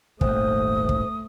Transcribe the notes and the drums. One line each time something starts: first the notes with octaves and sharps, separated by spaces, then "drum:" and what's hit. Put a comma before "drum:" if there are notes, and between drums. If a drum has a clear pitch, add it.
D#1 G#1 D#2 A3 C5 D#6, drum: kick
drum: kick